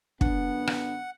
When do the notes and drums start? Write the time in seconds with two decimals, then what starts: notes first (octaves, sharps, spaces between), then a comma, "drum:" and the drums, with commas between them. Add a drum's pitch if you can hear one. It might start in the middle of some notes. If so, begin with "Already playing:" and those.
0.21 F#2 D3 B3 D4 F#5, drum: kick
0.67 drum: rim click